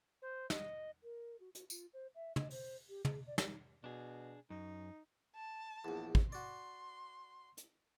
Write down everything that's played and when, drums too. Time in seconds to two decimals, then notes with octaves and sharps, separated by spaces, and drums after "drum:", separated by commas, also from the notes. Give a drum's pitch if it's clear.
0.22 C5
0.50 D#5, drum: snare
1.03 A#4
1.40 F#4
1.55 F#4, drum: hi-hat
1.70 F4, drum: tambourine
1.93 C5
2.15 E5
2.36 D#5, drum: tom
2.51 C5, drum: open hi-hat
2.89 G4
3.05 G#4, drum: tom
3.26 D5
3.38 D#4, drum: snare
3.84 B2 D4 G#4
4.50 F#2 D#4
5.36 A5
5.85 A#1 E2
6.15 drum: kick
6.32 F#4 D5 C6
7.58 drum: hi-hat